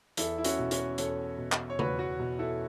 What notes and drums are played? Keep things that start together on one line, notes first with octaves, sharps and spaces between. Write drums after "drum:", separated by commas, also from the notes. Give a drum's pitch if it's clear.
E2 E4 A4, drum: hi-hat
E4
C#4 F#4, drum: hi-hat
B2
C#4 F#4, drum: hi-hat
E2 A4 C#5, drum: hi-hat
B2
drum: clap
C#5
E2 F#4 B4, drum: tom C#3
F#4 B4
B2
E4 A4